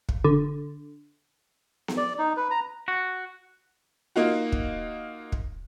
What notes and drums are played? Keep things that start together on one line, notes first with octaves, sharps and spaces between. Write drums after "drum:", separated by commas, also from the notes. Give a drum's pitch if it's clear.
drum: kick
D3
drum: snare B3
D5
D#4
B4
A#5
F#4
A#3 D#4 F4 F#4
drum: kick
drum: kick